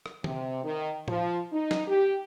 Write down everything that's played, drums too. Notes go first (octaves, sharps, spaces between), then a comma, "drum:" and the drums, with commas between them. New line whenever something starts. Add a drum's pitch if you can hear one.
drum: rim click
C3, drum: tom D3
D#3
F3, drum: tom A2
D#4
drum: snare
G4